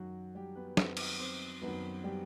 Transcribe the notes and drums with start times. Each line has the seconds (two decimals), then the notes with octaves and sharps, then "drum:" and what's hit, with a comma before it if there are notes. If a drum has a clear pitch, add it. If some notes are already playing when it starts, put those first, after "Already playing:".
Already playing: F#2 D#3 F#3 F#4
0.35 G3 G4
0.55 B3 B4
0.67 B4
0.77 F#2 D#3 F#3 C4 C5, drum: snare
0.97 drum: cymbal
1.19 C4 C5
1.62 F#2 D#3 F#3 B3 B4
2.04 G3 G4